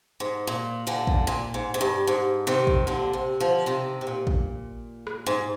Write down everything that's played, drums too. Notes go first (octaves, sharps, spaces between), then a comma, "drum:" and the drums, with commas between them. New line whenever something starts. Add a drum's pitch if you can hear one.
G#2
A#2
A#2 D3
drum: kick
A#2
G#2
G#2
G2
G#2
C3 D#3
drum: kick
A#2 D3
C3
D3 F3
C3 D#3
C3
A#2
drum: kick
drum: rim click
G#2